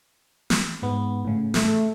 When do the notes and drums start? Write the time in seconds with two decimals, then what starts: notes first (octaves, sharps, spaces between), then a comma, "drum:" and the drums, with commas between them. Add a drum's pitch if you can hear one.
0.50 drum: snare
0.82 G#2 B3
1.25 A2 C#3
1.54 A3, drum: snare